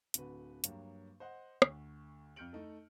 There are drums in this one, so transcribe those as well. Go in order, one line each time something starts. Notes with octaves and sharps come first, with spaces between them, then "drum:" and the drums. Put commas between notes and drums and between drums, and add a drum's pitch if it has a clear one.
D1 D3 F#4 B4, drum: hi-hat
G2 F#3 A#3, drum: hi-hat
C5 D#5 F#5
D2, drum: rim click
F2 F6 G6 C#7 D7 F#7
A3 D#4 A4